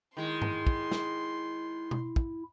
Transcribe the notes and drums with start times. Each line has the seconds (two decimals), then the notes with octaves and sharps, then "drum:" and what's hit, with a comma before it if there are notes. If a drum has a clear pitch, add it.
0.17 D#3 G#3 E4 C6
0.42 drum: tom G2
0.67 drum: kick
0.92 drum: snare
1.91 drum: tom B2
2.16 drum: kick